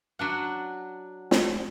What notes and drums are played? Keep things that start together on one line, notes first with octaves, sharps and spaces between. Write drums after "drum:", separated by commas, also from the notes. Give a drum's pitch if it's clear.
F#3 D4 F#5
drum: snare